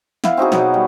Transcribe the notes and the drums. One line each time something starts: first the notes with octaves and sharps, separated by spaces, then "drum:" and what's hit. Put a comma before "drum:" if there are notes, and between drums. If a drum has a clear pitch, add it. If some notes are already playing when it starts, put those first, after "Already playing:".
B3 E4 F5, drum: snare
C4 D#4 F#4 G#4
B2 F#3 B3, drum: snare
G3